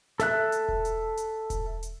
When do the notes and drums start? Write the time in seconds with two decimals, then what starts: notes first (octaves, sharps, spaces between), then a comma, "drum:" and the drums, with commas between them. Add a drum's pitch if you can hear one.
0.20 A4 E5 F#6, drum: snare
0.52 drum: hi-hat
0.68 drum: kick E1
0.85 drum: hi-hat
1.17 drum: hi-hat
1.50 drum: kick E1, hi-hat
1.83 drum: hi-hat